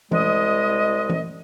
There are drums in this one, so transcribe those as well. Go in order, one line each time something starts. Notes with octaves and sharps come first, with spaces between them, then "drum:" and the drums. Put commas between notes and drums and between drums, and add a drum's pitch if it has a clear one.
C2 G#3 D#5, drum: tom E3
drum: tom E3